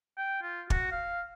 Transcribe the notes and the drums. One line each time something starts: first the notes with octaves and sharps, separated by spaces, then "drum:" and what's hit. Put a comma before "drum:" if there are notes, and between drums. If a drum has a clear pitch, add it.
G5
F4
F#4, drum: kick
F5